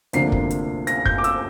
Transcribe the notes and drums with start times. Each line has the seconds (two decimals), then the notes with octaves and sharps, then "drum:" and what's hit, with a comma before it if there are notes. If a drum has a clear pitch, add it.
0.13 D2 C3 F3 A#3 D4 C7, drum: hi-hat
0.32 drum: kick
0.50 drum: hi-hat
0.87 A#6, drum: hi-hat
1.06 G6, drum: kick
1.18 D6
1.24 E6, drum: hi-hat